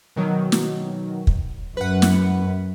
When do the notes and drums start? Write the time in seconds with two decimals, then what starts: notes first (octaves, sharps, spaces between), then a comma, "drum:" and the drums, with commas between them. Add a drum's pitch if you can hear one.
0.16 B2 D#3 F#3
0.52 drum: snare
1.27 drum: kick
1.77 F#2 B4 F#5
2.02 drum: snare